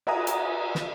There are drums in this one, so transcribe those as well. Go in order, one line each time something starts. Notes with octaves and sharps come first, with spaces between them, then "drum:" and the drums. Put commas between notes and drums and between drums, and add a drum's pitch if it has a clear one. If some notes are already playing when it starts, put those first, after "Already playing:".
D5 E5 F#5 G#5 A#5 D#6, drum: cymbal
drum: hi-hat
drum: snare